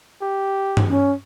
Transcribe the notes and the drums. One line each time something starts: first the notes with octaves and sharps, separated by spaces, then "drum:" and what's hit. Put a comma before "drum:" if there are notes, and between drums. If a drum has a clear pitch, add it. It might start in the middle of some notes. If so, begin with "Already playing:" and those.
G4
drum: tom G2
C#4